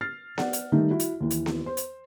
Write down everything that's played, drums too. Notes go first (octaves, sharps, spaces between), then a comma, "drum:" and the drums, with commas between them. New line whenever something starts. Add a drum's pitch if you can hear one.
F6 A6 C7
D5 F#5, drum: snare B3
drum: hi-hat
D#3 G3 A3 D#4
E4 F#4
drum: hi-hat
D#2 E3
drum: hi-hat
drum: snare B3
C5
drum: hi-hat